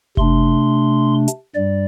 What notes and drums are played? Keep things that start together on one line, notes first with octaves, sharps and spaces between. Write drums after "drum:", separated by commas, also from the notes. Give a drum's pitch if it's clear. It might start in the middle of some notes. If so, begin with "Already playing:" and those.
C3 A3 D4 C6, drum: kick F#1
drum: hi-hat
G2 G3 D5